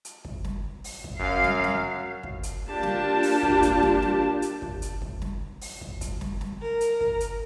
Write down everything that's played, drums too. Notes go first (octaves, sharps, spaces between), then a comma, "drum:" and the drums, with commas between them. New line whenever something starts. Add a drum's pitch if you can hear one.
drum: hi-hat
drum: kick
drum: snare
drum: open hi-hat
drum: kick
F#2 F5
drum: snare
drum: snare
drum: kick
drum: hi-hat
A#3 D4 F4 G4 A5
drum: snare
drum: open hi-hat
drum: kick
drum: kick, hi-hat
drum: snare
drum: snare
drum: hi-hat
drum: kick
drum: hi-hat
drum: kick
drum: snare
drum: open hi-hat
drum: kick
drum: kick, hi-hat
drum: snare
drum: snare
A#4
drum: hi-hat
drum: kick
drum: hi-hat